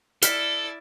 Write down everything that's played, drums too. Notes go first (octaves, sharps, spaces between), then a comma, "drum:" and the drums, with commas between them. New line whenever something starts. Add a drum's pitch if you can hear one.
E4 A4 D5 F6 B6, drum: hi-hat